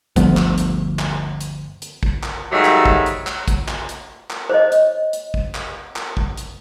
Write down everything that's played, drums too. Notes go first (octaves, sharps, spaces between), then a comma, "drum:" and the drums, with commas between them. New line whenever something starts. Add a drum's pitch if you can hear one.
G1 D2 F3 B3, drum: kick, hi-hat
drum: clap
drum: hi-hat
drum: clap
drum: hi-hat
drum: hi-hat
drum: kick
drum: clap
G#2 D#3 F#3 G3 A3
drum: clap
drum: kick
drum: hi-hat
drum: clap
drum: kick, hi-hat
drum: clap
drum: hi-hat
drum: clap
C5 C#5 D#5
drum: hi-hat
drum: hi-hat
drum: kick
drum: clap
drum: clap
drum: kick
drum: hi-hat